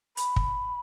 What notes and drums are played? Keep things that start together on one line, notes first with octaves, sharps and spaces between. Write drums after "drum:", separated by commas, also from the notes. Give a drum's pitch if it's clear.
B5, drum: hi-hat
drum: kick